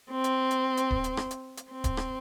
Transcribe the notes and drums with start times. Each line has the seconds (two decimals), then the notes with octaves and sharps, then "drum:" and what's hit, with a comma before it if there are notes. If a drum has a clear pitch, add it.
0.11 C4
0.24 drum: hi-hat
0.51 drum: hi-hat
0.77 drum: hi-hat
0.91 drum: kick D1
1.04 drum: hi-hat
1.17 drum: rim click
1.31 drum: hi-hat
1.57 drum: hi-hat
1.70 C4
1.84 drum: kick D1, hi-hat
1.97 drum: rim click